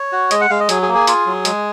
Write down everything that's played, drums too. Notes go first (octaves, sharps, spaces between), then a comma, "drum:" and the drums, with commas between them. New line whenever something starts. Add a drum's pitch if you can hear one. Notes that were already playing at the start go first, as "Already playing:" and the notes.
Already playing: C#5
F#4
G#3 D#5, drum: hi-hat
F#5
G#3 F5
D#5
F#3 G#4, drum: hi-hat
G#4
A#3
G#4
F4, drum: hi-hat
F#3
G#3, drum: hi-hat